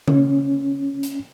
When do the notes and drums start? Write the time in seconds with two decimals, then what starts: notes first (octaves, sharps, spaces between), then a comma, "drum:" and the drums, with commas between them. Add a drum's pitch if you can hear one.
0.08 C#4, drum: tom C#3
1.03 drum: hi-hat